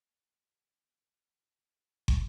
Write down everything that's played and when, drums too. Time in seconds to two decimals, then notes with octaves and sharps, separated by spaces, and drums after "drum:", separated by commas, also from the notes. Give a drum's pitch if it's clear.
0.05 A#2 F#5 A#5 C#6
0.91 C#4 E5 D#6 E6
1.20 C3 E4 E5 G#5 F#6 D#7
2.08 drum: kick